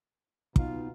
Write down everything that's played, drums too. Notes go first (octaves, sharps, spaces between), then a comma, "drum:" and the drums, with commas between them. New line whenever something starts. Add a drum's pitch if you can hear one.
B2 B3 D#4 F4, drum: kick